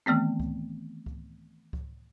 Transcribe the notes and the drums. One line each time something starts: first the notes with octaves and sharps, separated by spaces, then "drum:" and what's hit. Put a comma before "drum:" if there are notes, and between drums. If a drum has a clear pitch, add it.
D#3 E3 A3 B3 C4
drum: kick C#2
drum: kick C#2
drum: kick C#2